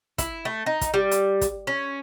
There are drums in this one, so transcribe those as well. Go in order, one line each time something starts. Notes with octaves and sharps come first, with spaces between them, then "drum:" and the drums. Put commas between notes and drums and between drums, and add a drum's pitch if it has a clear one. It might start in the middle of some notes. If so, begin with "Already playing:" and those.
E4, drum: kick, hi-hat
A3
D#4
drum: kick, hi-hat
G3
drum: hi-hat
drum: kick, hi-hat
C#4